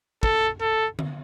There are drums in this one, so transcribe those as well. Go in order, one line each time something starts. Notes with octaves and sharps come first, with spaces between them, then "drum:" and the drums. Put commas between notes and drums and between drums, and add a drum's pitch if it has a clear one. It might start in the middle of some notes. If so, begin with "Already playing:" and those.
A4, drum: kick
A4
drum: tom D3